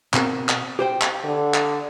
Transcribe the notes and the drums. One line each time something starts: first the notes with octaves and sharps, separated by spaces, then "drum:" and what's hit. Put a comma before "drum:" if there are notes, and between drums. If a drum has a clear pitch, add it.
B2 C4 A#4, drum: clap
drum: clap
G4 C5 G5
drum: clap
D3
drum: clap